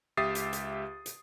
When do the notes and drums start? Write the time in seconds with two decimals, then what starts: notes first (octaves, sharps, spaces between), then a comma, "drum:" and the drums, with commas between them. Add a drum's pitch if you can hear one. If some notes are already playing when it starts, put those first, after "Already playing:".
0.17 C#2 G4 E5 D#6 A6 C7
0.35 drum: hi-hat
0.53 drum: hi-hat
1.06 drum: hi-hat